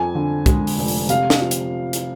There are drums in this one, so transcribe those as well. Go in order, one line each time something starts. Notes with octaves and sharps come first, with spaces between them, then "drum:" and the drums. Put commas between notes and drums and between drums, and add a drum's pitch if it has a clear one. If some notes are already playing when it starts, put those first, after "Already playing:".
Already playing: F2 G#5
D3
G#3, drum: kick, hi-hat
drum: open hi-hat
F1
drum: open hi-hat
C3 F5, drum: hi-hat
drum: snare
F3
drum: hi-hat
drum: hi-hat